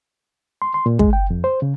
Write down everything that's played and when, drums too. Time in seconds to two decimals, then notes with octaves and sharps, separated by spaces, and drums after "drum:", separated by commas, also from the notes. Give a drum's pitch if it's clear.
0.62 C6
0.74 C6
0.86 A#2
0.99 G#3, drum: kick
1.13 G5
1.30 F2
1.44 C5
1.62 C#3